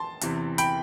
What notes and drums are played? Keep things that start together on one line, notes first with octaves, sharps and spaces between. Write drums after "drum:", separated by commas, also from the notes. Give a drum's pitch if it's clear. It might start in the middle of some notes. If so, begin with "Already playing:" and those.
Already playing: A5 C6
E2 C3 E3, drum: hi-hat
G5 B5, drum: hi-hat